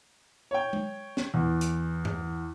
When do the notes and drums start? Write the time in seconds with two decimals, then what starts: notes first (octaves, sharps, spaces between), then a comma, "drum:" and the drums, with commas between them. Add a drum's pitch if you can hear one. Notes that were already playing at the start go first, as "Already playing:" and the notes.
0.51 C#5 G5
0.73 drum: tom G#3
1.17 drum: snare
1.34 E2 E3
1.61 drum: hi-hat
2.05 drum: tom G2